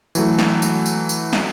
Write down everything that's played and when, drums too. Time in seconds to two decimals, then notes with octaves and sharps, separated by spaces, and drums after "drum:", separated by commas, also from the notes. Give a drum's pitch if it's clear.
0.15 E3 F#3 A3, drum: tambourine
0.39 drum: snare
0.62 drum: tambourine
0.86 drum: tambourine
1.09 drum: tambourine
1.33 drum: snare